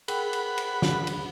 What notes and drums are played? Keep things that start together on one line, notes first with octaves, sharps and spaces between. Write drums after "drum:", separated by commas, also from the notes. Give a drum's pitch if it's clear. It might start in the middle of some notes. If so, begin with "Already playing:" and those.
G#4 A#4 F#5 G5 B5, drum: cymbal
drum: cymbal
drum: cymbal
drum: snare
drum: cymbal